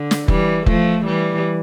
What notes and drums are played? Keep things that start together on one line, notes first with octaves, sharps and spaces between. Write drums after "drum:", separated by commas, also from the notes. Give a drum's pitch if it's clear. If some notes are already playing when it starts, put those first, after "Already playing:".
Already playing: D3
drum: snare
E3 G3, drum: kick F1
F3 A3, drum: kick F1
E3 G3